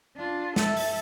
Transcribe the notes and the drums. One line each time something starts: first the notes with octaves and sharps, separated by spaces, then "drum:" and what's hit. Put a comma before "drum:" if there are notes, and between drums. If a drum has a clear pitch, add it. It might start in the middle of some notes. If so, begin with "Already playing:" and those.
D4 F4
A4 E5, drum: snare
drum: open hi-hat